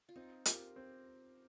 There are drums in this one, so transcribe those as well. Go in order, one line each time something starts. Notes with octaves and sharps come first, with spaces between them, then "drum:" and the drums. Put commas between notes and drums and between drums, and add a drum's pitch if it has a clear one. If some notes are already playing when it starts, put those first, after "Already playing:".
F4
C4 D#4
F4 G4 A#4, drum: hi-hat
C4